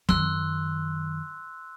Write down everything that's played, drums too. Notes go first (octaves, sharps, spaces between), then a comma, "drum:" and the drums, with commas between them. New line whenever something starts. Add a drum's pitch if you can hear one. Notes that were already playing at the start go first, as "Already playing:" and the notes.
F#2 D#3 C6 E6 F#6, drum: tom